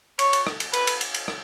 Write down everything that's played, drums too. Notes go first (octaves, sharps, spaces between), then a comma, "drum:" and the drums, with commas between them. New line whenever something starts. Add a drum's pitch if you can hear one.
C#5, drum: cymbal
drum: cymbal
drum: rim click
drum: cymbal
B4, drum: cymbal
drum: cymbal
drum: cymbal
drum: cymbal
drum: rim click